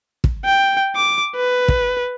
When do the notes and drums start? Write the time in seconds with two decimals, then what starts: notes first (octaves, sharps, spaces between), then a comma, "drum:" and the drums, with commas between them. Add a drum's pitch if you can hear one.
0.24 drum: kick
0.45 G5
0.96 D6
1.36 B4
1.68 drum: kick